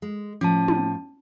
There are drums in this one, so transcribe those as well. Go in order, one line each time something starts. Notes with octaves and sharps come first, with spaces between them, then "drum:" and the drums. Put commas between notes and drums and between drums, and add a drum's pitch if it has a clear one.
G#3
A2 F3 C#4 A5
drum: tom